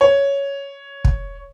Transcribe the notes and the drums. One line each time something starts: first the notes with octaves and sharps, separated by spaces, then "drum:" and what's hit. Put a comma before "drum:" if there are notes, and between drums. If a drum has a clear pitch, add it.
C#5
drum: kick